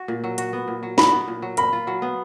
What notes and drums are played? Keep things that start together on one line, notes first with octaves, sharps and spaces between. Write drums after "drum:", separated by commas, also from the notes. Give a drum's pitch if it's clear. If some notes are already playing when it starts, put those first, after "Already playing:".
Already playing: F#4
A#2
F#3
F#4, drum: hi-hat
B3
A#2
F#3
F#4 B5, drum: snare
B3
A#2
F#3
A#4 B5, drum: hi-hat
F4
F#3
B3